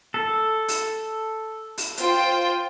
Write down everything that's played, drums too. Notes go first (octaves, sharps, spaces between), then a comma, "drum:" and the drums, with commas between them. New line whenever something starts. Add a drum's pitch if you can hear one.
A4
drum: open hi-hat
drum: open hi-hat
F4 C5 G5, drum: hi-hat